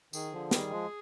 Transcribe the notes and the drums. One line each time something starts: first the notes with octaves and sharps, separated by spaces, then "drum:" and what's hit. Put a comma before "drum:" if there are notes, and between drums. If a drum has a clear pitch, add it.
D#3 G#4, drum: tambourine
D3 F3
D#3 G3 G#4, drum: snare
F3 G#3